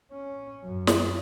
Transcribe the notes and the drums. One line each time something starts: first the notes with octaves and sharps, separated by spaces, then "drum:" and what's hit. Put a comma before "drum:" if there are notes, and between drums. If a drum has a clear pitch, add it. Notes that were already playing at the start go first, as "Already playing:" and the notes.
C#4
F#2
drum: snare